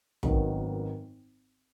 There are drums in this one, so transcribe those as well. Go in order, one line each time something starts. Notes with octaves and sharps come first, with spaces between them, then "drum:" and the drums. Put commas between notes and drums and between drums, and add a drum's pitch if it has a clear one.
G#1 F#2 D#3 F#3 B3, drum: kick